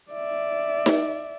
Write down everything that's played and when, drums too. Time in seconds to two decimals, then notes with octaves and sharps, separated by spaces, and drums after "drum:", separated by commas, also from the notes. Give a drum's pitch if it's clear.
0.12 D5 E5
0.86 drum: snare D#4